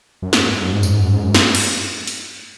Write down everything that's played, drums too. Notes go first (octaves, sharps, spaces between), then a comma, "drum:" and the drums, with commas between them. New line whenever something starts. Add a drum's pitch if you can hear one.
F#2
G#2, drum: snare
F#2
G#2
F#2
G#2
F#2, drum: tambourine
G#2
F#2
G#2
F#2
drum: snare
drum: cymbal
drum: open hi-hat